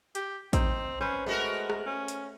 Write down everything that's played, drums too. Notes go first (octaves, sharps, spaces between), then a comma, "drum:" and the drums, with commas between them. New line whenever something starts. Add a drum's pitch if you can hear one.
G4, drum: hi-hat
C4 D#4, drum: kick, hi-hat
C#4 B4 C5
G#3 A3 B3 F#4 A#4
drum: rim click
C#4
drum: hi-hat